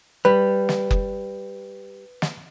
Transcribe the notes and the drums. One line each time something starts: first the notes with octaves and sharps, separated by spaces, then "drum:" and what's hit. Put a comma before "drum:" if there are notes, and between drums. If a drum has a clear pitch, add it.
G3 B4
drum: snare
drum: kick F#1
drum: snare